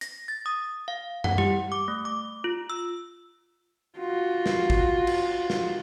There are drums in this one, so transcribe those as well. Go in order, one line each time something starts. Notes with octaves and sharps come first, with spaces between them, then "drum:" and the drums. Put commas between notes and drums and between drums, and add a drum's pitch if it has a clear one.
A#6, drum: hi-hat
A6
D#6
F5
F#5, drum: tom
G4, drum: tom G3
D6
A3
D6
F4
E6
F4 F#4
drum: snare
drum: kick G#1
drum: cymbal
drum: snare